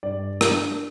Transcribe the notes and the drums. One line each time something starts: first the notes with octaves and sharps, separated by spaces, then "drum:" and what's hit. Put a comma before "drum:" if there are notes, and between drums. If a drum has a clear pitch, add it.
G2 D5
D4, drum: rim click